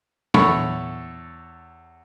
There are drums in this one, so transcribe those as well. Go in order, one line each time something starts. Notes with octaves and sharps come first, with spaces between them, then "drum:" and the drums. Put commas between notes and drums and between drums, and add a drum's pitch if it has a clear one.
E2 A4 C#5 B5 C#6, drum: tom